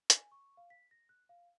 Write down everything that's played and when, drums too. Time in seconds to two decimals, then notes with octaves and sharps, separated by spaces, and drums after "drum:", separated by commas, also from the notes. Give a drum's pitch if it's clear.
0.10 G#5, drum: hi-hat
0.32 C#6
0.57 F5
0.70 B6
0.91 A#6
1.09 F#6
1.29 F5